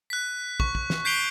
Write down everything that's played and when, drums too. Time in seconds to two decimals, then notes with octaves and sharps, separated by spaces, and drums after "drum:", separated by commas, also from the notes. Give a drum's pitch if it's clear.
0.10 F#6 B6
0.60 C#6, drum: kick
0.75 drum: kick
0.90 drum: snare
1.05 G6 B6 C7 D7 F7 G7